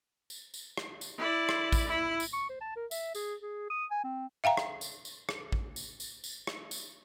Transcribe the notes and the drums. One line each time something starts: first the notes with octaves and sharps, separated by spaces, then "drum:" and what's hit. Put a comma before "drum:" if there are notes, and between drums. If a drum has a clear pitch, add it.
drum: tambourine
drum: tambourine
drum: rim click
drum: tambourine
E4 D5
drum: rim click
drum: kick, tambourine
E4
drum: tambourine
C#6
C5
A5
A#4
E5, drum: tambourine
G#4, drum: tambourine
G#4
D#6
G#5
C4
E5 F5 G5 A#5
drum: rim click
drum: tambourine
drum: tambourine
drum: rim click
drum: kick
drum: tambourine
drum: tambourine
drum: tambourine
drum: rim click
drum: tambourine